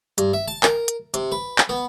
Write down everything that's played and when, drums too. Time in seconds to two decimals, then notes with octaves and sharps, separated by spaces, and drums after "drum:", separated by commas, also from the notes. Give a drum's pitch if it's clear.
0.18 G2, drum: hi-hat
0.33 E5
0.48 A5
0.63 A#4, drum: clap
0.88 drum: hi-hat
1.14 C3, drum: hi-hat
1.32 B4
1.58 drum: clap
1.69 B3